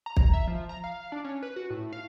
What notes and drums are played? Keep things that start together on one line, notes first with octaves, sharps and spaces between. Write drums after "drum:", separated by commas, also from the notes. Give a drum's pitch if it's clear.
A#5
drum: kick
E5
F3
A#5
F5
D4
C#4
B4
F#4
A2
F5